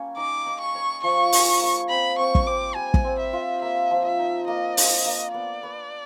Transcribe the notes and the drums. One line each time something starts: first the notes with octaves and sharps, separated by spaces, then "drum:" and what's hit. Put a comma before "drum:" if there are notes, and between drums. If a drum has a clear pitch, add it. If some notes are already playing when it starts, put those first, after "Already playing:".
Already playing: G3 A#3 C#4
D#4 D6
D#4
C#6
C#5
F3 C#6
G#4, drum: open hi-hat
A#3
C4 B5
C4 C#6
drum: kick
C4 D6
G3 G#5
drum: kick
C4
E5
F4
A#3 E5
F3
E5
D#4
A#3 D#5
D4, drum: open hi-hat
A#3
B3 D5
B4